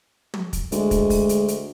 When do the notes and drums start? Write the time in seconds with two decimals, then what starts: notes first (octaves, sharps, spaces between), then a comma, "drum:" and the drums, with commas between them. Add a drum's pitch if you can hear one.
0.34 drum: tom
0.53 drum: kick, hi-hat
0.72 D2 G#3, drum: hi-hat
0.91 drum: kick, hi-hat
1.10 drum: kick, open hi-hat
1.29 drum: hi-hat
1.48 drum: hi-hat